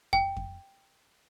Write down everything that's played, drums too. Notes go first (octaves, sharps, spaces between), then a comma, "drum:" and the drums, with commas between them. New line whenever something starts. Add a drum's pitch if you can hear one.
G5, drum: kick F2
drum: kick F2